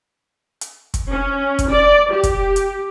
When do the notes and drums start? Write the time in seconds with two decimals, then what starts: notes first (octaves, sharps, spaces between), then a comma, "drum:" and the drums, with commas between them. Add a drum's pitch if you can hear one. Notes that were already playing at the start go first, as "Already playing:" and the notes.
0.61 drum: hi-hat
0.94 drum: kick, hi-hat
1.10 C#4
1.59 drum: kick, hi-hat
1.70 D5
2.12 G4
2.23 drum: kick, hi-hat
2.56 drum: hi-hat